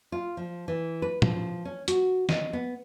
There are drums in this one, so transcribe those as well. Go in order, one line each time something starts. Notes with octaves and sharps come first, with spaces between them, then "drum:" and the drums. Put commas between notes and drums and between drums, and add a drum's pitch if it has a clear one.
F4
F3
E3
B4
F3, drum: tom
C#4
F#4, drum: hi-hat
D#5, drum: snare
B3